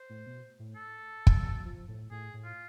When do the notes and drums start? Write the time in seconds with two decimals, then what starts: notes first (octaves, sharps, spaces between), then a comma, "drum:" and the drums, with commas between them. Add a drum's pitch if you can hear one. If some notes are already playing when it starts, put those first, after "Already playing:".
Already playing: C5
0.10 A2
0.26 B2
0.59 A2
0.76 A4
1.27 drum: kick
1.44 B2
1.65 F3
1.88 A2
2.11 A2 G#4
2.34 A2
2.44 F4